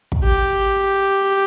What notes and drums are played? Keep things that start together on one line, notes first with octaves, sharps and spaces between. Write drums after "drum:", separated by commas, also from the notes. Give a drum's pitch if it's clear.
drum: kick
G4